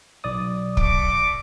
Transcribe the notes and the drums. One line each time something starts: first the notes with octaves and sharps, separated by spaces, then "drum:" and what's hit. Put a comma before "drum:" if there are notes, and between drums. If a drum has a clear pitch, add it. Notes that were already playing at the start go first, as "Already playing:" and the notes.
B1 D5 D#6
A3 F#4 D6, drum: kick